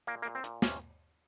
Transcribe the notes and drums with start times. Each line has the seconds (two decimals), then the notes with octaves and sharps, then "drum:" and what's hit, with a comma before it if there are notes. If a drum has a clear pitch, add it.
0.07 A#2 A#3
0.22 A#3
0.25 A#2
0.35 C4
0.44 A#2, drum: hi-hat
0.62 C3 C#4, drum: snare